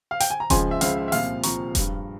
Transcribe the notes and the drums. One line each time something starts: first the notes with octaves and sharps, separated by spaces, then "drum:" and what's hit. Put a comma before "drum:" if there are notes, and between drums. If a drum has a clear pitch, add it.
F5
G5, drum: hi-hat
G#5
A#5
C#2 C#3 F3 G#5 C6, drum: kick E1, hi-hat
E5
C#2 C#3 F3 F5, drum: hi-hat
E5
E5
C2 A#2 F3 F5, drum: open hi-hat
C2 A#2 F3 A#5 C#6, drum: hi-hat
G2 F3, drum: kick E1, hi-hat